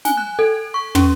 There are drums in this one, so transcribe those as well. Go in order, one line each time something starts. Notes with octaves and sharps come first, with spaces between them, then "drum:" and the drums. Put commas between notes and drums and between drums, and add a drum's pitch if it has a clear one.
G#5, drum: snare
F#6
A4
C#6
C#4, drum: tom